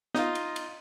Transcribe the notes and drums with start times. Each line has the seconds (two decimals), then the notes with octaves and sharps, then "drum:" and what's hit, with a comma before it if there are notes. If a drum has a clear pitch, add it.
0.15 D#4 F4 D#5, drum: snare
0.35 drum: cymbal
0.56 drum: cymbal